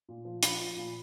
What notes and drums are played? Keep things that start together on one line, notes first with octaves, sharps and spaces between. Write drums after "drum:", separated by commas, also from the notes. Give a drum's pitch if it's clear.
A#2
F3
F3 B5, drum: hi-hat
F3
A#2